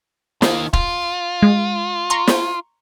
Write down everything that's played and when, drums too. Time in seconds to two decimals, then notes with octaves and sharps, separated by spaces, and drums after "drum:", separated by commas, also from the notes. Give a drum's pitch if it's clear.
0.42 D#3 A#3, drum: snare
0.73 F4, drum: kick
1.42 G#3
2.10 A#5 C6 C#6
2.27 drum: snare